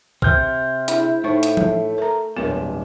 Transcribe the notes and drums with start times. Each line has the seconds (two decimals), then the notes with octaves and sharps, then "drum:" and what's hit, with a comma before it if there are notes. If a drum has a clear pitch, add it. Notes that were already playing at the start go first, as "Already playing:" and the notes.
0.22 C3 C4 F6 G6, drum: kick
0.88 D4 E4 G#4 B5, drum: hi-hat
1.24 A2 A3 D#4 C5 C#6
1.43 drum: hi-hat
1.57 drum: tom F3
1.98 A#4 A#5
2.37 D1 G2 A#2 B3 A#4 C#5 E7